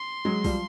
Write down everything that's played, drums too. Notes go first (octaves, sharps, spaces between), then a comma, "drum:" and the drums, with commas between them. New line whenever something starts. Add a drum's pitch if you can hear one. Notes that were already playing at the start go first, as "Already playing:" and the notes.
Already playing: C6
F#3 G#3
F3 G3, drum: kick, open hi-hat